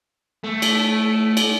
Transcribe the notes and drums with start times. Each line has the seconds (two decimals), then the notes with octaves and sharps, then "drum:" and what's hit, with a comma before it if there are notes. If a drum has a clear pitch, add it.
0.44 A3
0.62 drum: cymbal
1.37 drum: cymbal